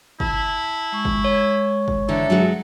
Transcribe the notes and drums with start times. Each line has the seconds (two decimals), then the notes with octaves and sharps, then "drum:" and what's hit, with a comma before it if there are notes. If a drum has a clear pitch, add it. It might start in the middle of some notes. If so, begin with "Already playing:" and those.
0.20 E4 A5, drum: kick
0.92 G#3 C#6
1.05 drum: kick
1.24 C#5
1.88 drum: kick
2.08 D3 E3 A4 E5 A#5
2.30 F#3 G#3 F#4